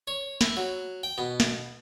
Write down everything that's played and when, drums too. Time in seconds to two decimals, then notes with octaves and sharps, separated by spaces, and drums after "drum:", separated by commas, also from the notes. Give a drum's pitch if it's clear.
0.07 C#5
0.41 E4, drum: snare
0.57 F#3
1.03 G5
1.18 B2
1.40 drum: snare